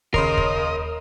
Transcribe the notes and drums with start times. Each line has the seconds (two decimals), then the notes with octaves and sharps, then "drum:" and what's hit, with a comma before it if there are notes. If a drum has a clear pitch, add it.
0.14 D#2 C#3 A#4 C#5 D#5 B5 C6 C7, drum: kick
0.37 drum: kick